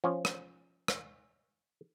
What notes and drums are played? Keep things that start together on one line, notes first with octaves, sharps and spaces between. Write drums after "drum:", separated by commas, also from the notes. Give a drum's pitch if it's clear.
F3 C#4
drum: rim click
drum: rim click